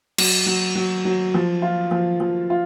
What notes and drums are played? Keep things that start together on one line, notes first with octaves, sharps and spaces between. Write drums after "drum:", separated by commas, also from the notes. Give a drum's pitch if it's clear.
F#3, drum: cymbal
F#3
F#3
F#3
F3
F4
F3
F3
F4